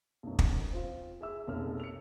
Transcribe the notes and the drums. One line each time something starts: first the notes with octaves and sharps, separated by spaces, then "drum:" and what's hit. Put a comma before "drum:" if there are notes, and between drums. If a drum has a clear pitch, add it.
B1 F#2
drum: kick
C4 F4
G#4 E5 E6
F1 B1 A#3 C#4 G#4 F6
C#7 F7